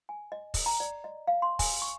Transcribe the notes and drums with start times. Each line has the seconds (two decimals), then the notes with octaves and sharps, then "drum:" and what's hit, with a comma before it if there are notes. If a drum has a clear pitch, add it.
0.09 G#5
0.32 D#5
0.54 drum: kick, open hi-hat
0.66 A#5
0.80 D5
1.04 D#5
1.27 F5
1.42 C6
1.59 G#5, drum: kick, open hi-hat
1.82 C#6